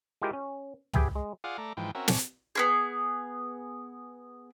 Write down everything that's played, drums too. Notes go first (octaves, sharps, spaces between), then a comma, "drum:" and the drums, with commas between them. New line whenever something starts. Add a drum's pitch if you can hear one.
G#3 E4 F4 G4 A#4 G5
C#4
G4 G#4 B4 E5 G5, drum: tom
G#3
F4 G#4 D5 F5 F#5 D#6
A3 D5 A#5
G#2 E3 F3 G5
C4 C#4 F#4 A#4 E5
D5 G#5 A5 C#6, drum: snare
B3 C#4 G#4